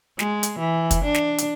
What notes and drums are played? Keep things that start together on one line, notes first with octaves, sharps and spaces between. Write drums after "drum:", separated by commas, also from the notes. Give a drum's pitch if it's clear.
G#3, drum: snare
drum: hi-hat
E3
drum: kick, hi-hat
D4
drum: snare
drum: hi-hat